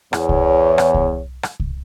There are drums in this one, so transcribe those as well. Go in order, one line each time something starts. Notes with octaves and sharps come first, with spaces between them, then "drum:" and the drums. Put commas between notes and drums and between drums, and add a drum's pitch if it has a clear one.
E2 C#5, drum: rim click
drum: kick C2
drum: rim click
drum: kick C2
drum: rim click
drum: kick C2